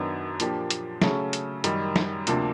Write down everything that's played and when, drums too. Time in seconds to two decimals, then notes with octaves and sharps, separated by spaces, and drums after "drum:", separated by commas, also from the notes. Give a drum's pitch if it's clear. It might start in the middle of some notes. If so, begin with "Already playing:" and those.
Already playing: F#2 D#3 F#3 B3 D4
0.40 A#2 F3 A#3 D4 G4, drum: hi-hat
0.70 drum: hi-hat
1.02 C#3 F#3 A3 C#4, drum: snare
1.33 drum: hi-hat
1.64 F#2 D#3 G3, drum: hi-hat
1.96 drum: snare
2.27 D2 C3 F3 A#3 D4, drum: hi-hat